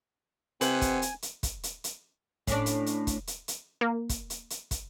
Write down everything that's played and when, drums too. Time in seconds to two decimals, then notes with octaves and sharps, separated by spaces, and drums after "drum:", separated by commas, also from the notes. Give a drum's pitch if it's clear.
0.61 C3 C4 B4 F#5 G#5, drum: hi-hat
0.81 drum: kick, hi-hat
1.02 drum: hi-hat
1.22 drum: hi-hat
1.43 drum: kick, hi-hat
1.63 drum: hi-hat
1.84 drum: hi-hat
2.47 A2 C#4 D4, drum: kick, hi-hat
2.66 drum: hi-hat
2.86 drum: hi-hat
3.07 drum: kick, hi-hat
3.27 drum: hi-hat
3.48 drum: hi-hat
3.81 A#3
4.09 drum: kick, hi-hat
4.30 drum: hi-hat
4.50 drum: hi-hat
4.71 drum: kick, hi-hat